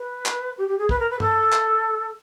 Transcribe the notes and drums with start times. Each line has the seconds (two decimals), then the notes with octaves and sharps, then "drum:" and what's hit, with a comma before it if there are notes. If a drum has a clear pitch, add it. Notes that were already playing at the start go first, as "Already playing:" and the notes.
Already playing: B4
0.26 drum: clap
0.58 G4
0.68 G4
0.78 G#4
0.89 B4, drum: kick
0.99 A#4
1.10 B4
1.20 A4, drum: tom
1.52 drum: clap